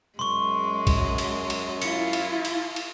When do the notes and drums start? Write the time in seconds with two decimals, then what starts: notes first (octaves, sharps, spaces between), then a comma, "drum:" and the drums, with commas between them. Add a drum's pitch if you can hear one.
0.19 F#2 G#3 C6 C#6
0.87 drum: kick, cymbal
1.18 drum: cymbal
1.50 drum: cymbal
1.82 E4 F4 C#7, drum: cymbal
2.13 drum: cymbal
2.45 drum: cymbal
2.76 drum: cymbal